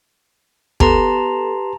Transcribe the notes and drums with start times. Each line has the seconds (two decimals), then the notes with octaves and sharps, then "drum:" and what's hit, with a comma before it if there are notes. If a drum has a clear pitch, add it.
0.80 B3 G4 A4 B4 A5 A#5 C6, drum: kick